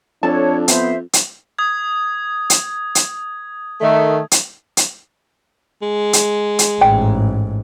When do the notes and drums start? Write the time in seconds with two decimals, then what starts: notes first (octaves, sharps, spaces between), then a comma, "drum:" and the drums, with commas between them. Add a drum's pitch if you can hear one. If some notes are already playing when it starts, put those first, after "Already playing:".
0.23 F2 D4 A4 C#5 A5
0.68 B3 C5 E5, drum: hi-hat
1.13 drum: hi-hat
1.59 D#6 G#6
2.50 drum: hi-hat
2.95 drum: hi-hat
3.81 D#3 A3
4.31 drum: hi-hat
4.77 drum: hi-hat
5.82 G#3
6.13 drum: hi-hat
6.59 drum: hi-hat
6.81 A1 G#2 G5